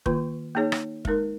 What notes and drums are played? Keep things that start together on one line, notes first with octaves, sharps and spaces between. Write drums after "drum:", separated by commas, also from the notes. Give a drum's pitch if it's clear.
D#3 A#3 F4 B4, drum: kick
A#3 D#4 G#4 C#5
drum: rim click
G#3 D#4 A#4, drum: kick